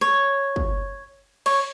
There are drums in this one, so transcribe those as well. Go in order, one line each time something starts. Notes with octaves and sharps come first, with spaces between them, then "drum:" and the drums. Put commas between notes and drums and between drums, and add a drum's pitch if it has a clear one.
C#5
drum: kick
C#5, drum: cymbal